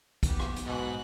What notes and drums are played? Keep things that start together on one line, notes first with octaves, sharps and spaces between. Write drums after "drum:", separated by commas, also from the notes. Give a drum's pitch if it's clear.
B1 B3 G4, drum: kick, hi-hat
drum: rim click
drum: hi-hat
G#2 B2 F#4 F#6